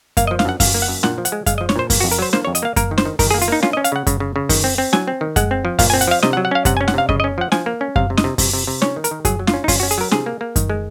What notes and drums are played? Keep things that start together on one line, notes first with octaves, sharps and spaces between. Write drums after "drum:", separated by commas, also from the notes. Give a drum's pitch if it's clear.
A#3 F5, drum: kick F#2, hi-hat
D#5
F3
F5, drum: snare
F#2 F#5
F#2 F5, drum: kick F#2, open hi-hat
A#3
F#5
F#2
A#2 F#5, drum: snare
F3
F#5, drum: hi-hat
G#3
G#3 F5, drum: kick F#2, hi-hat
D#5
F3
C#5, drum: snare
A#2 C5
A#3, drum: kick F#2, open hi-hat
F#4
F2
A#4, drum: hi-hat
F#3 C5
A#3 C5, drum: snare
C#5
F2
D#5, drum: hi-hat
A#3 F5
A#3 A#4, drum: kick F#2, hi-hat
D#3
C5, drum: snare
D#3
D#3 A#4, drum: kick F#2, open hi-hat
G#4
A#3
F4, drum: hi-hat
A#3 D#4
C#4 F4, drum: snare
D#5
C#4
F5, drum: hi-hat
C#3 F#5
C#3, drum: kick F#2, hi-hat
C#3
C#3
D#3, drum: kick F#2, open hi-hat
C4
C4
F#3 G#5, drum: snare
C4
D#3
G#3 F#5, drum: kick F#2, hi-hat
C4
F3
A#2 F5, drum: kick F#2, open hi-hat
G#5
C4
F#5, drum: hi-hat
F3 F5
C3 D#5, drum: snare
F#5
F#3
F#5
C#4 F5
C3 F#5, drum: kick F#2, hi-hat
G#5
C#4
F#5, drum: snare
C3 F5
C#3 D#5, drum: kick F#2
D#5
C#4
F3 F#5
F3 G#5, drum: snare
A#3
C#4
C3 F5, drum: kick F#2
C3
D#5, drum: snare
C3
C3, drum: kick F#2, open hi-hat
C3
C3
C#4 C#5, drum: snare
D#3
A#4, drum: hi-hat
D#3
F#3 G#4, drum: kick F#2, hi-hat
F#3
F4, drum: snare
C#4
D#4
C#4 F4, drum: kick F#2, open hi-hat
F#4
C#4
G#4, drum: hi-hat
F#3 A#4
C3 G#4, drum: snare
A#3
A#3
D#3, drum: kick F#2, hi-hat
G#3